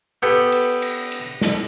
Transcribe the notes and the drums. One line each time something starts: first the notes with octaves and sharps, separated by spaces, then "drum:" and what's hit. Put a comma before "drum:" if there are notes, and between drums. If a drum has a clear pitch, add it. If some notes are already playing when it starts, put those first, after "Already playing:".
B3 G4 A4 B4
drum: cymbal
drum: cymbal
drum: cymbal
drum: snare